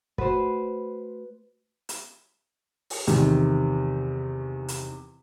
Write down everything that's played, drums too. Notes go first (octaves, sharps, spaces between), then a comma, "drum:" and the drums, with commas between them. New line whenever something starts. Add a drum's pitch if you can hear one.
A3 F#4 B4 C5 F#5, drum: kick
drum: hi-hat
drum: open hi-hat
E2 C3 D#3, drum: hi-hat
drum: hi-hat